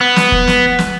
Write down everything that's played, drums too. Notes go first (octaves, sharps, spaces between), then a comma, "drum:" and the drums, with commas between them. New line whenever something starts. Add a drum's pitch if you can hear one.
B3
drum: snare
drum: kick F1
drum: snare
drum: snare